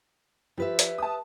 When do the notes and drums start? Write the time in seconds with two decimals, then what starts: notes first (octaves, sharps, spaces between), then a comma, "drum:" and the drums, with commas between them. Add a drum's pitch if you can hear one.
0.58 F3 G4 B4 E5
0.79 drum: hi-hat
0.98 A5 D#6